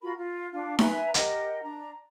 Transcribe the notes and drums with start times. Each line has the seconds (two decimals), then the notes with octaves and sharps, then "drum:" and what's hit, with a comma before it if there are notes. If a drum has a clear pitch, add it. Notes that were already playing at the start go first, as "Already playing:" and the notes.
0.02 F4 F#4 A#4 B5
0.18 F4
0.53 D4 F4 F5
0.79 B4 E5 G#5 A#5, drum: snare D#4
1.14 G4 A#4 D#5 F#5, drum: hi-hat
1.62 D4 A#5